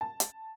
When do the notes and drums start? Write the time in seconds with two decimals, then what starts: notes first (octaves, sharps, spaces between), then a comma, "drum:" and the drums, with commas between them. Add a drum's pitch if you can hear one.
0.01 A5
0.20 drum: hi-hat